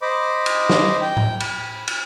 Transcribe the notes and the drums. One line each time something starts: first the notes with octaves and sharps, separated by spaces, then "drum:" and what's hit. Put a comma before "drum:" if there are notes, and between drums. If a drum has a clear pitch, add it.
C5 D#5 B5 D6
drum: cymbal
drum: snare
G5
drum: tom A2
B5, drum: cymbal
drum: cymbal